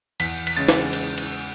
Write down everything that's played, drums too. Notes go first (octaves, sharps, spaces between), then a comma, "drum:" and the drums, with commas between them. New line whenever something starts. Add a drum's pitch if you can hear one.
E2 B6, drum: cymbal
B6, drum: cymbal
C#3 G#3 C#4 A6
drum: snare
drum: cymbal
drum: cymbal